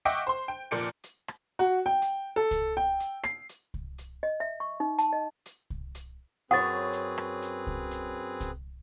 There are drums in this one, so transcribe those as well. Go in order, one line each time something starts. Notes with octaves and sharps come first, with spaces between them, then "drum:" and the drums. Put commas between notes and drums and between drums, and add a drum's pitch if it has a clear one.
D#5 E5 F#5 G5 C#6 D6
C5 C6
G5
F1 A#2 D5 G6 C#7 D7
drum: hi-hat
drum: rim click
F#4
G5
drum: hi-hat
A4
drum: kick C2, hi-hat
G5
drum: hi-hat
C7, drum: rim click
drum: hi-hat
drum: kick C2
drum: hi-hat
D#5
E5
C#6
D#4
A5, drum: hi-hat
D#5
drum: hi-hat
drum: kick C2
drum: hi-hat
F#2 C4 G#4 B4 C#5 F#5 D#6 A6
drum: hi-hat
drum: rim click
drum: hi-hat
drum: kick C2
drum: hi-hat
drum: kick C2, hi-hat